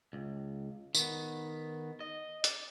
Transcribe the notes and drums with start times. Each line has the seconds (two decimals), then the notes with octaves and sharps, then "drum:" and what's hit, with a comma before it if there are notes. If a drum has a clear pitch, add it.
0.13 C#2
0.95 D#3 B3, drum: tambourine
2.00 D#5
2.44 D5, drum: hi-hat